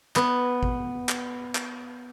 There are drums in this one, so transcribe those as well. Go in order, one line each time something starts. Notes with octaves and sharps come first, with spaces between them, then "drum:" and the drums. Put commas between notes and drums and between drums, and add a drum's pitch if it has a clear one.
B3, drum: clap
drum: kick A1
drum: clap
drum: clap